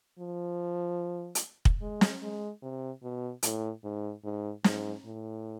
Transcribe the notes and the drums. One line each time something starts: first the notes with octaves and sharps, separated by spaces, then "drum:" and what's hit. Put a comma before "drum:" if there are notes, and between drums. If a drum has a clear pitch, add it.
F3
drum: hi-hat
drum: kick
G#3
drum: snare
G#3
C3
B2
A2, drum: hi-hat
G#2
G#2
G#2, drum: snare
A2